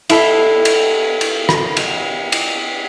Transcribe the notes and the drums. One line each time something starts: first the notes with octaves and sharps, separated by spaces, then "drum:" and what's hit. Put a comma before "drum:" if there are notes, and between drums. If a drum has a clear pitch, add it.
E4 A4, drum: cymbal
drum: cymbal
drum: cymbal
drum: rim click
drum: cymbal
drum: cymbal